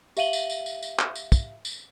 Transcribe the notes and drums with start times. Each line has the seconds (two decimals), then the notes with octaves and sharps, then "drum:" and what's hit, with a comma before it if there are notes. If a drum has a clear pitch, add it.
0.17 G4 E5 F5 D#7 F#7 G7, drum: tambourine
0.33 drum: tambourine
0.50 drum: tambourine
0.66 drum: tambourine
0.83 drum: tambourine
0.99 drum: clap
1.15 drum: tambourine
1.32 drum: kick, tambourine
1.65 drum: tambourine